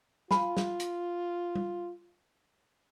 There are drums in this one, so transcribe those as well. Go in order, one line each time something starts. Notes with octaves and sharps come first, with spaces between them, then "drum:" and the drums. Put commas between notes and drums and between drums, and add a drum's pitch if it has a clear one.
F4 F5 G#5 B5, drum: snare
drum: snare
drum: hi-hat
drum: tom G3